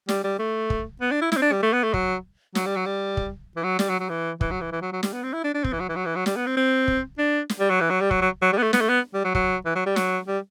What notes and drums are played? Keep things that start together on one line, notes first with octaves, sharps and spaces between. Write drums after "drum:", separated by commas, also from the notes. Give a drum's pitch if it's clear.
G3, drum: snare
G3
A3
drum: kick
B3
D4
E4
E4, drum: snare
C4
D4
G3
A3
B3
A3
F#3, drum: kick
F#3, drum: snare
G3
F#3
G3
drum: kick
E3
F#3
G3, drum: snare
F#3
F#3
E3
E3, drum: kick
F#3
E3
E3
F#3
F#3
G3, drum: snare
B3
C4
E4
D4
D4
C4, drum: kick
E3
F#3
E3
F#3
E3
F#3
G3, drum: snare
B3
C4
C4
drum: kick
D4
drum: snare
G3
F#3
E3
F#3
G3
F#3, drum: kick
F#3
F#3
G3
B3
A3
B3, drum: snare
A3
B3
G3
F#3
F#3, drum: kick
E3
F#3
G3
F#3, drum: snare
G3